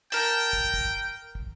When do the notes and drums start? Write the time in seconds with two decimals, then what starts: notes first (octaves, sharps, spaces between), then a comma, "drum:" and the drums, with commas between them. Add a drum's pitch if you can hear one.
0.12 A#4 G5 A5
0.53 drum: kick
0.74 drum: kick
1.35 drum: kick